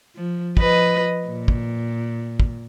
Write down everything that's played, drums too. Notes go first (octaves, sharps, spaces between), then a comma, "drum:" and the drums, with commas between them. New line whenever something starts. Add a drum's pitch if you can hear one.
F3
F3 B4 D#5, drum: kick
A#2
drum: kick
drum: kick